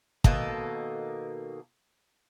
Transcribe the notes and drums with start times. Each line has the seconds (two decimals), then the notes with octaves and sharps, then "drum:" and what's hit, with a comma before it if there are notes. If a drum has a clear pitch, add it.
0.24 B2 D#3 A#3 A4, drum: kick